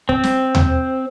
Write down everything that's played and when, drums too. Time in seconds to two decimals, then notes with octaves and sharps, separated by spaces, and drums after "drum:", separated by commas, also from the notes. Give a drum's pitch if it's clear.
0.09 C4, drum: kick
0.23 drum: snare
0.55 drum: tom D#2